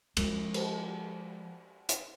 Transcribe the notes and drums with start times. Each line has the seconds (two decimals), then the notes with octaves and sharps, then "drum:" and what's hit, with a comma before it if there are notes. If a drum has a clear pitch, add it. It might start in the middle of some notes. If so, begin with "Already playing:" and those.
0.17 F3 G#3, drum: cymbal
0.54 drum: cymbal
1.89 drum: hi-hat